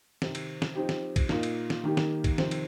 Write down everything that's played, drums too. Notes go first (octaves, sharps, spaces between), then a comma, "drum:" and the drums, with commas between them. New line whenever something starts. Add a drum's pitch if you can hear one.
C3 D#3 C4, drum: snare
drum: cymbal
drum: snare
F3 C4 D#4 G4
drum: snare
drum: kick B1, cymbal
A#2 A#3 D#4, drum: snare
drum: cymbal
drum: snare
D#3 A#3 D#4 G4
drum: snare
drum: kick B1, cymbal
F2 C3 D#3 C4, drum: snare
drum: cymbal